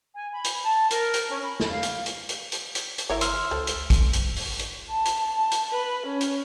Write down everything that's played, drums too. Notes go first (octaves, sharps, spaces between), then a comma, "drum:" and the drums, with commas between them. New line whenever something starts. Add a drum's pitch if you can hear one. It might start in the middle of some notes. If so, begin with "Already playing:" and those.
G#5
B5
drum: hi-hat
A5
A#4, drum: hi-hat
drum: hi-hat
C#4
B5
drum: snare
F5
drum: hi-hat
drum: hi-hat
drum: hi-hat
drum: hi-hat
drum: hi-hat
drum: hi-hat
G1 E4 A#4 C#5
C6 E6 F6, drum: hi-hat
C#2 A4 C5
drum: hi-hat
drum: kick, hi-hat
drum: hi-hat
drum: open hi-hat
drum: hi-hat
A5
drum: hi-hat
A5
drum: hi-hat
B4
C#4
drum: hi-hat